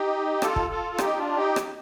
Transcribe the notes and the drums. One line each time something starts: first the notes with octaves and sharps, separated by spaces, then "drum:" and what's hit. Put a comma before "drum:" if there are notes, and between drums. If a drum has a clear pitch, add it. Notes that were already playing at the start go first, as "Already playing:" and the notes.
Already playing: D#4 G4
F4 A4, drum: rim click
drum: kick
F4 A4
A4
D#4 G4, drum: rim click
D4 F4
D#4 G4
drum: rim click